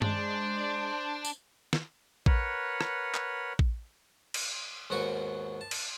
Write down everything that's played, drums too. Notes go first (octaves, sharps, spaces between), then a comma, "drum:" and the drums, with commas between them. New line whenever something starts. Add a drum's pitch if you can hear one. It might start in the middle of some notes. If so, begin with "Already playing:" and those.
G#3 D4 C5, drum: tom G2
drum: tambourine
drum: snare
A#4 B4 C#5 F#5, drum: kick A#1
drum: rim click
drum: clap
drum: kick A#1
drum: cymbal
D#2 G#2 B3 F#4 C#6
A5
drum: cymbal